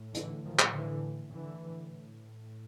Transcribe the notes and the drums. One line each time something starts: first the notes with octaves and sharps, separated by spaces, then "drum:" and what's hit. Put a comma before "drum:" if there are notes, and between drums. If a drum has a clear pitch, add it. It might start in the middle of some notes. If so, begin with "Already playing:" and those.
Already playing: A2
D3 E3, drum: hi-hat
D#3 F3
drum: clap
D3 E3
A2 D3 E3